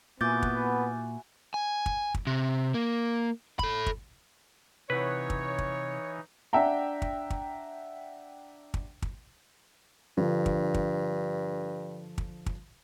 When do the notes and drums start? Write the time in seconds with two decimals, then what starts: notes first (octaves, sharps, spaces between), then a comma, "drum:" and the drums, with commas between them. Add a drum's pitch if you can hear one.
0.21 A#2 B3 E4 F#4 G#5 D6 G6 A6
0.42 drum: kick
1.54 G#5
1.86 drum: kick
2.14 drum: kick
2.27 C3
2.74 A#3
3.59 A4 B5, drum: kick
3.86 drum: kick
4.90 C3 E3 D#4 E4 B4 C#5 F#5
5.30 drum: kick
5.58 drum: kick
6.53 D4 E5 F#5 G5 A#5
7.02 drum: kick
7.30 drum: kick
8.74 drum: kick
9.02 drum: kick
10.17 G2 D3 F3
10.46 drum: kick
10.74 drum: kick
12.18 drum: kick
12.46 drum: kick